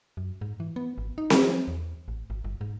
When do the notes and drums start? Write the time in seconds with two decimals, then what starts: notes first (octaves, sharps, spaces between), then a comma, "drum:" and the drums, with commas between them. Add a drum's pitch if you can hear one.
0.17 F#2
0.41 G#2
0.60 E3
0.76 B3
0.98 G#1
1.18 D#4
1.30 drum: snare C4
1.42 F3
1.68 E2
2.08 A1
2.30 G#1
2.44 G1
2.61 G#2